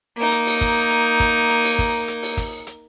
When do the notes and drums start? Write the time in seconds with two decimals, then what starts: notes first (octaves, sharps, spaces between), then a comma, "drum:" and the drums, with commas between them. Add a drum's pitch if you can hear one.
0.17 A#3 D#4
0.32 drum: hi-hat
0.46 drum: open hi-hat
0.61 drum: kick, hi-hat
0.91 drum: hi-hat
1.20 drum: kick, hi-hat
1.49 drum: hi-hat
1.64 drum: open hi-hat
1.79 drum: kick, hi-hat
2.08 drum: hi-hat
2.23 drum: open hi-hat
2.37 drum: kick, hi-hat
2.67 drum: hi-hat